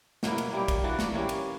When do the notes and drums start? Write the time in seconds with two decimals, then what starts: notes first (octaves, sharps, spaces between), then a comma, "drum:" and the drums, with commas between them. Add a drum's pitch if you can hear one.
0.23 B2 F#3 A#3 E4, drum: snare
0.38 drum: cymbal
0.53 G3 A#3 E4 G4
0.68 drum: kick, cymbal
0.84 E3 A#3 D4 F#4
0.99 drum: snare
1.14 E3 A#3 C#4 G4
1.29 drum: cymbal